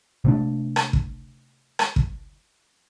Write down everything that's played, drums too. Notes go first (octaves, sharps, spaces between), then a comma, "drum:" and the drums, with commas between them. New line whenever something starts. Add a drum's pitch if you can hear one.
C3 A3 D4
drum: rim click
drum: kick
drum: rim click
drum: kick